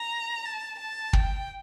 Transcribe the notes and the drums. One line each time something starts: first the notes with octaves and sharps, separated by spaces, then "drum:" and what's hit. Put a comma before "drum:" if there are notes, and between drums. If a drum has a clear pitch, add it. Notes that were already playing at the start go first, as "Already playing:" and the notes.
Already playing: A#5
A5
A5
G5, drum: kick